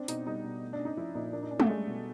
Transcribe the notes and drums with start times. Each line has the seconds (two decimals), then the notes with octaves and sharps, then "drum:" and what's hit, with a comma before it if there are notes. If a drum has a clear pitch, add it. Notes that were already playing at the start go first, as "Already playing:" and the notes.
Already playing: C4 D4
0.08 B2 D#4, drum: hi-hat
0.26 G3 D#4
0.44 B2
0.62 A3
0.73 D4
0.80 C#4
0.85 D#4
0.97 F3 E4
1.15 A#2 D#4
1.33 A#3 D4
1.42 D#4
1.51 C#4 D4
1.60 A3, drum: tom
1.69 G3 G#3
1.87 B2